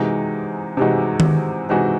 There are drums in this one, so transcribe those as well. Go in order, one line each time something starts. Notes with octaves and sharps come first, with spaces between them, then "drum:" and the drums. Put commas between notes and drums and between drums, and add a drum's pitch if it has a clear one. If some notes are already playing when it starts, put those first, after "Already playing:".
Already playing: C3 E3 G#3 D#4 F#4
C3 E3 G#3 D#4 F#4
drum: tom D#3
C3 E3 G#3 D#4 F#4